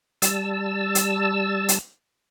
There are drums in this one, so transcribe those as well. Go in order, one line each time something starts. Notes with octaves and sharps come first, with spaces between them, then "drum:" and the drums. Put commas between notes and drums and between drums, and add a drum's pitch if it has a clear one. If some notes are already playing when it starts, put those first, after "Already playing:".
G3 A5 E6, drum: hi-hat
drum: hi-hat
drum: hi-hat